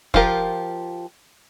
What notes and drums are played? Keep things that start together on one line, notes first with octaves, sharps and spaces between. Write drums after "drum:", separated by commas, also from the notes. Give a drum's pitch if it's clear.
F3 F4 G4 A#4, drum: kick